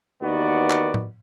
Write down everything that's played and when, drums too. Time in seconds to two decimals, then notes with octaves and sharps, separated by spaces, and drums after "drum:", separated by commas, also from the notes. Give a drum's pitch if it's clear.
0.22 D#2 D#3 E3 B3 F#4 D5
0.70 drum: clap
0.94 drum: tom A2